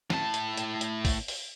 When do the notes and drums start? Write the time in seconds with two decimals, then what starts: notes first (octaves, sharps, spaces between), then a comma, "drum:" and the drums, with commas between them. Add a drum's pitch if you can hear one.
0.10 A2 A5, drum: snare
0.34 drum: hi-hat
0.57 drum: hi-hat
0.81 drum: hi-hat
1.05 drum: kick, open hi-hat
1.28 drum: open hi-hat